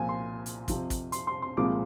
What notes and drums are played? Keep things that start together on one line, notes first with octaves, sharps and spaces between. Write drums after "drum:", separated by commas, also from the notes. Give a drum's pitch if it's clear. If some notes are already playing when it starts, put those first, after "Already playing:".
Already playing: C2 A#2 F3 G#5
C6
drum: hi-hat
F2 C3 F3, drum: kick, hi-hat
drum: kick, hi-hat
C6, drum: hi-hat
C6
C6
C2 A#2 F3 G#3 D6